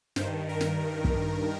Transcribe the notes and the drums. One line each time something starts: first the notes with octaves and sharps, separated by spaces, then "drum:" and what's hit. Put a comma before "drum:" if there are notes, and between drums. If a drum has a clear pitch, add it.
G2 D#3 C5, drum: snare
A#4
drum: snare
drum: kick